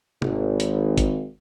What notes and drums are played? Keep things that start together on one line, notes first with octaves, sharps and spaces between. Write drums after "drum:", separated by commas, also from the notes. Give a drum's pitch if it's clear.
G#1, drum: tom
drum: hi-hat
drum: kick, hi-hat